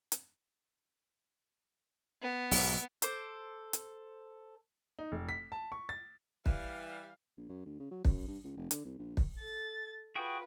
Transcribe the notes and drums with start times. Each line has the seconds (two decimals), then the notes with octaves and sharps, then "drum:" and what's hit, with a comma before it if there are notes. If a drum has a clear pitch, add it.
0.12 drum: hi-hat
2.22 B3
2.51 B1 G#2, drum: open hi-hat
3.02 A4 C5 D6, drum: hi-hat
3.73 drum: hi-hat
4.99 D#4
5.12 F1
5.29 B6
5.52 A5
5.72 C#6
5.89 A6
6.46 E3 G3 F5, drum: kick
7.37 A#1
7.49 F#2
7.66 D2
7.80 C#3
7.91 F#3
8.05 F#2, drum: kick
8.27 G2
8.44 C#2
8.57 F1
8.71 D3, drum: hi-hat
8.85 C2
8.99 A#1
9.17 drum: kick
9.37 A4 A6
10.15 F4 F#4 G#4 B4 G5